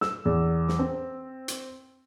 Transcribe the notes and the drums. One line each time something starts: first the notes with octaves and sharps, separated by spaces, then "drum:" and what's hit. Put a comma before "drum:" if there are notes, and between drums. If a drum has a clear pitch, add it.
E6, drum: snare
E2
drum: snare
C4
drum: hi-hat